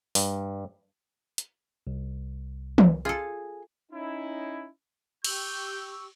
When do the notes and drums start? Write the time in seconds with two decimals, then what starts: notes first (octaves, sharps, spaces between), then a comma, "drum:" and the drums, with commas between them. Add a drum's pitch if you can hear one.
0.15 G2, drum: open hi-hat
1.38 drum: hi-hat
1.87 C2
2.78 drum: tom
3.05 F4 G#4 A4
3.91 C#4 D#4 E4
5.24 G4 C#6 E6 G6, drum: cymbal